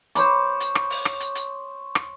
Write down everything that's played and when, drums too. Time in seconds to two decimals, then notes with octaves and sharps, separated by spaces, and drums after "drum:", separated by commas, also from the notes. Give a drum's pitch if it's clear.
0.15 C5 C#5 B5 D6, drum: hi-hat
0.60 drum: hi-hat
0.75 drum: rim click
0.90 drum: open hi-hat
1.05 drum: rim click
1.20 drum: hi-hat
1.35 drum: hi-hat
1.95 drum: rim click